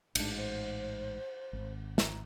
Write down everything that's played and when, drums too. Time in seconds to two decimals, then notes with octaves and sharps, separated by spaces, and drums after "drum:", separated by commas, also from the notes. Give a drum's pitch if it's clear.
0.15 A1 G#2 D4, drum: cymbal
0.37 C5
1.53 G#1
1.98 A#5, drum: snare